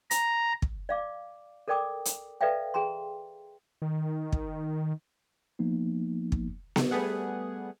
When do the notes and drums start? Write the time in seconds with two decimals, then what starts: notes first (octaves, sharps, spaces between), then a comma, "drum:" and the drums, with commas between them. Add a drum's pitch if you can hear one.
0.11 A#5, drum: hi-hat
0.62 drum: kick
0.89 D5 F5 D6
1.68 A4 A#4 D5 G5 D6 D#6
2.05 drum: hi-hat
2.41 A4 B4 D5 E5 F5 G5
2.74 G#4 G5 A#5 C6
3.82 D#3
4.32 drum: kick
5.59 F3 A#3 B3 D#4
6.32 drum: kick
6.76 drum: snare B3
6.91 G3 A3 B3 G#4 F#5